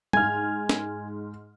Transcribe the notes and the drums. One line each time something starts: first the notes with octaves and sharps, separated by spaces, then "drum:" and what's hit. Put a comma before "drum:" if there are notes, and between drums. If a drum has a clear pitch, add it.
G#2 G#5 F6 G#6, drum: tom
drum: snare